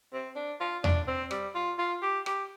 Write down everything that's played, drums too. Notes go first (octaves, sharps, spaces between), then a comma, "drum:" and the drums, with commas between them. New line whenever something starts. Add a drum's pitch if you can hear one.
C4
D4
F4
D4, drum: tom E2
C4
G3, drum: rim click
F4
F4
G4
G4, drum: rim click